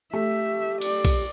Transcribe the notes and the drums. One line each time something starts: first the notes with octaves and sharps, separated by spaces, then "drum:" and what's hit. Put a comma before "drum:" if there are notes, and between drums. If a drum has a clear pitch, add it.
A3 G4 E5
D5, drum: cymbal
drum: kick, cymbal